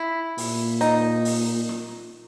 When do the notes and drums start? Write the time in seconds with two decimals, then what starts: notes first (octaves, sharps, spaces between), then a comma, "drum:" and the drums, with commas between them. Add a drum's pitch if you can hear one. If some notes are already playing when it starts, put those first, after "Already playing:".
Already playing: E4
0.38 A#2, drum: open hi-hat
0.81 D#4, drum: hi-hat
1.25 drum: open hi-hat
1.69 drum: snare